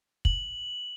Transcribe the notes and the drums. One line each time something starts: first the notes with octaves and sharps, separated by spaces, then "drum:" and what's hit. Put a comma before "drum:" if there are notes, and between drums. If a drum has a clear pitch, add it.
F#7, drum: kick